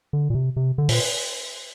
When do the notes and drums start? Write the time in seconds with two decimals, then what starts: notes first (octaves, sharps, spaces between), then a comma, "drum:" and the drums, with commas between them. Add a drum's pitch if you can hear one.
0.13 D3
0.30 A#2
0.35 C3
0.56 C3
0.78 D3
0.89 A#2, drum: open hi-hat